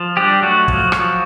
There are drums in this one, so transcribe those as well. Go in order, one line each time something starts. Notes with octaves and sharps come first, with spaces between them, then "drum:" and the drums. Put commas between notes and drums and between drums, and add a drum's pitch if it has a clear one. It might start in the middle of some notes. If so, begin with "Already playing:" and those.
Already playing: F3
G3 D4 G4
F#3 A3 F#4
F3, drum: kick
F3, drum: rim click